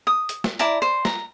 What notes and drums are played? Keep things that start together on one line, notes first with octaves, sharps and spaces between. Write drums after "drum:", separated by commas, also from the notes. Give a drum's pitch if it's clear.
D#6
drum: hi-hat
drum: snare
E4 D5 A5 A#5, drum: hi-hat
C5
A#5, drum: snare